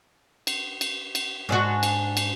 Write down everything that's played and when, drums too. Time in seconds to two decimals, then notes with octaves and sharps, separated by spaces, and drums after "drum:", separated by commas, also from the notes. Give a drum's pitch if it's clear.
0.47 drum: cymbal
0.81 drum: cymbal
1.15 drum: cymbal
1.49 G#2 D4 F#4
1.83 drum: cymbal
2.17 drum: cymbal